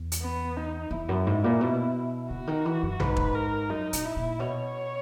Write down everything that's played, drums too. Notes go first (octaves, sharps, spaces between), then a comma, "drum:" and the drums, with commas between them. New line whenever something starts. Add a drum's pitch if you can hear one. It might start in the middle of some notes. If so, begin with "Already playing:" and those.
Already playing: E2
drum: hi-hat
B3
D#4
E2 E4
F#2
G#2
A#2
B2
C#3 F#4
D#3
E3
F#2
G#2 B4, drum: tom A#1
drum: kick
A#4
F#2 D#4
A#2, drum: hi-hat
E4
A#2
B2 C#5